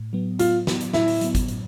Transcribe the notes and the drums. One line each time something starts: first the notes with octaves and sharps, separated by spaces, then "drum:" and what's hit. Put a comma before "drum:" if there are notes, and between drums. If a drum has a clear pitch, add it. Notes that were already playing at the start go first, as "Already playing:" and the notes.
Already playing: A2
F#3 B3
A2 F4, drum: hi-hat
F#3 B3, drum: snare
drum: hi-hat
A2 E4, drum: snare
drum: open hi-hat
F#3 B3, drum: hi-hat
drum: kick G#1, hi-hat
A2, drum: hi-hat